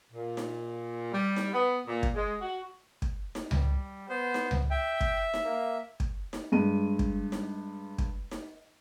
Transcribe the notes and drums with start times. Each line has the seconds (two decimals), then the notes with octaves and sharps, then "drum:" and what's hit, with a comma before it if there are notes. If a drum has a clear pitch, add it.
0.12 A#2
0.37 drum: snare D#4
1.12 G3
1.36 drum: snare D#4
1.53 B3
1.87 A#2
2.03 drum: kick
2.15 G#3
2.41 F#4
3.02 drum: kick
3.35 drum: snare D#4
3.51 G3, drum: tom C#2
4.09 B3 C5
4.34 drum: snare D#4
4.51 drum: tom C#2
4.71 E5 G5
5.01 drum: kick
5.34 drum: snare D#4
5.45 A#3
6.00 drum: kick
6.33 drum: snare D#4
6.52 G2 G#3 D#7
6.99 drum: kick
7.32 drum: snare D#4
7.98 drum: kick
8.31 drum: snare D#4